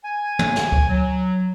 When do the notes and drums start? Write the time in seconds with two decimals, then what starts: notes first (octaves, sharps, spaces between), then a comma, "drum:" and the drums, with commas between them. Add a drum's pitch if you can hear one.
0.04 G#5
0.39 drum: tom
0.56 drum: snare
0.72 drum: kick D2
0.89 F#3